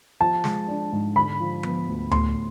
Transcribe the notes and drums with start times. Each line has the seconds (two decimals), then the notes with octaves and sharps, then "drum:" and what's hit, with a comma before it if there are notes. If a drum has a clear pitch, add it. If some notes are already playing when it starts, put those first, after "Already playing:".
0.20 F3 A5
0.44 G#3, drum: snare
0.68 D4
0.93 G#2
1.16 D3 B5
1.40 F3
1.63 B3, drum: tom F3
1.88 D2
2.11 A2 C6, drum: tom D2